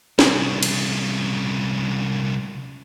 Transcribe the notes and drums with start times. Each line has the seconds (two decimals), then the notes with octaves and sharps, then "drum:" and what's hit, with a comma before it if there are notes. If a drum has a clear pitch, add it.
0.19 C2 C#3, drum: snare
0.63 drum: cymbal